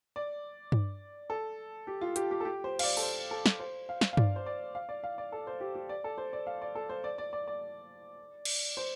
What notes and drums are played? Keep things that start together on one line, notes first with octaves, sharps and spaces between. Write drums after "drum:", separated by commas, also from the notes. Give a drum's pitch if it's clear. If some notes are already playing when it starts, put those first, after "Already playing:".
D5
drum: tom G2
A4
G4
F4
G4, drum: hi-hat
G4
A4
G4
C5
F5, drum: cymbal
D5
A4, drum: open hi-hat
C5
A4
drum: snare
C5
F5
drum: snare
F5
D5, drum: tom G2
C5
D5
F5
D5
F5
D5
A4
C5
G4
G4
D5
A4
C5
D5
F5
D5
A4
C5
D5
D5
D5
D5
drum: cymbal
C5